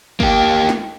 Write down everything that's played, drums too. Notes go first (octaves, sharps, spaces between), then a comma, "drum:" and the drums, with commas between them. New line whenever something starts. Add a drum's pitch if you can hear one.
A#3 G4, drum: kick
drum: snare